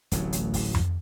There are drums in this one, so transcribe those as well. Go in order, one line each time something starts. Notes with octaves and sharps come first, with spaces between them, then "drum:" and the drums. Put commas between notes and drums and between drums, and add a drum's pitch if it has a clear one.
D1 A1 A2 F#3, drum: hi-hat
drum: hi-hat
drum: kick, open hi-hat
drum: tom F2